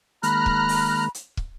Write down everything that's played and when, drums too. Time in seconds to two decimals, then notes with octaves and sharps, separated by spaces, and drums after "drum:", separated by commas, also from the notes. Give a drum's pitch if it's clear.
0.23 D#3 G#3 A#3 A#5 B5 F6 F#6, drum: hi-hat
0.46 drum: kick
0.69 drum: open hi-hat
1.14 drum: hi-hat
1.37 drum: kick